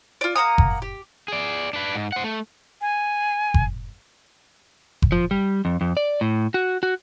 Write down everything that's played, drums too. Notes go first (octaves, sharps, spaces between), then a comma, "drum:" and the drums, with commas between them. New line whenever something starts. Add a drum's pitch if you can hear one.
F4 D5
A#3 F#5 A#5 D#6
drum: kick F#1
G4
G#4 D5
D4 B4
G#2
C5 F#5
A3
G#5
drum: kick F#1
drum: kick F#1
F3
G3
F2
F2
D5
A2
F#4
F#4